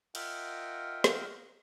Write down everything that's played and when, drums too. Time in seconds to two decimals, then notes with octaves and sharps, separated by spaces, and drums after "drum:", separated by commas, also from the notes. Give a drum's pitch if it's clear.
0.15 F4 A#4 D#5 E5 F#5 G5, drum: cymbal
1.04 drum: snare